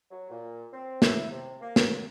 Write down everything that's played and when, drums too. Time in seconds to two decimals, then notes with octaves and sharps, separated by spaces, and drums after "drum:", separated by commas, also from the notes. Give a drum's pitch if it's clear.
0.10 F#3
0.30 A#2
0.72 C4
1.02 E4, drum: snare
1.30 C3
1.61 A#3
1.76 drum: snare
1.95 F#2